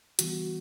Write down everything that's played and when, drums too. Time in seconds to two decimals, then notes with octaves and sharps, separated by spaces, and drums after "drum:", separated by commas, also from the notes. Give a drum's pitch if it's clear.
0.19 C#3 E3 G3 B3 F#4, drum: hi-hat